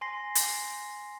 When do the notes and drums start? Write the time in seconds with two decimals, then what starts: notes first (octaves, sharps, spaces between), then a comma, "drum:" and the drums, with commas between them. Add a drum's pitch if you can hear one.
0.01 G#5 C6 A#6 C7
0.35 drum: hi-hat